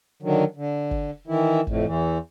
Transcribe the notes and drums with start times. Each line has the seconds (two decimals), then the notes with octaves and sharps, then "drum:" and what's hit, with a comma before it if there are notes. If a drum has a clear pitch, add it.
0.23 D3 D#3 F#3
0.56 D3
0.91 drum: kick
1.28 D#3 E3 E4
1.67 F2 A2, drum: kick
1.85 E2 E3